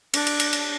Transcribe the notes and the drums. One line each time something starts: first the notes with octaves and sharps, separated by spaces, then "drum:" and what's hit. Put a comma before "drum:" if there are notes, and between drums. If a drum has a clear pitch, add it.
D4, drum: cymbal
drum: cymbal
drum: cymbal
drum: cymbal